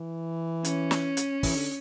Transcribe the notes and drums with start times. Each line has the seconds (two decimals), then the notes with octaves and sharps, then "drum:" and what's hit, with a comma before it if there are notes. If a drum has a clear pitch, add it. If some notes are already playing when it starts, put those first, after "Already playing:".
Already playing: E3
0.65 C#4, drum: hi-hat
0.91 drum: snare
1.17 drum: hi-hat
1.43 E3, drum: kick, open hi-hat
1.56 D3